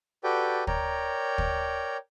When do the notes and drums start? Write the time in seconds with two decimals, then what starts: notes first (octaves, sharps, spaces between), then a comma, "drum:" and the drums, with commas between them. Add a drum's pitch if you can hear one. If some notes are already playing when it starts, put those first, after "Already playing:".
0.24 F#4 G4 A4 B4 D5 G5
0.67 A#4 C#5 D5 G5 A#5, drum: kick
1.38 drum: kick